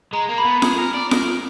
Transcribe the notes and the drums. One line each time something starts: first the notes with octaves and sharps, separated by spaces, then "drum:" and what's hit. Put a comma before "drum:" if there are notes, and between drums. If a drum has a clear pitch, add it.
G#3 A#5
A#3
B5
B3
G#4, drum: snare F4
A#4
D5
A#4, drum: snare F4